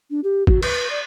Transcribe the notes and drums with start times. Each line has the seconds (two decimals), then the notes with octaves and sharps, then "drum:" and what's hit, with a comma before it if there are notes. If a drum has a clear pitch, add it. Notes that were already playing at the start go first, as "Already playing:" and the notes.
0.10 D4
0.24 G4
0.47 F#4, drum: kick
0.63 B4, drum: cymbal
0.90 D5